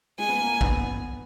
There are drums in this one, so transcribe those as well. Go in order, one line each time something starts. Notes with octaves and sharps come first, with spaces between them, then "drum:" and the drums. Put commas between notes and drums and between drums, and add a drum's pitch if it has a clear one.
G#3 G#5
B3
A#3
A#3
B3, drum: kick
B3